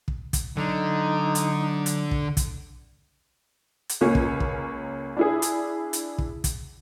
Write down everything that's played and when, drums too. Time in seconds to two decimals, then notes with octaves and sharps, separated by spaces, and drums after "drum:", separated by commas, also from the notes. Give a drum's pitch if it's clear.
0.08 drum: kick
0.33 drum: kick, hi-hat
0.57 D3 F#3 D#4
1.35 drum: hi-hat
1.86 drum: hi-hat
2.11 drum: kick
2.37 drum: kick, hi-hat
3.89 drum: hi-hat
4.01 C#2 A#3 C#4
4.15 drum: kick
4.40 drum: kick
5.17 D4 E4 G#4
5.42 drum: hi-hat
5.93 drum: hi-hat
6.18 drum: kick
6.44 drum: kick, hi-hat